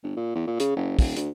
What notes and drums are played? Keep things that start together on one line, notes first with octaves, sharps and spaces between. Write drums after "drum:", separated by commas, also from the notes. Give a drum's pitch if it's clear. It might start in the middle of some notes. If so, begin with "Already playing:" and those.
G1
A#2
E2
A#2
C#3, drum: hi-hat
F#1
D#1, drum: kick, open hi-hat
D2, drum: hi-hat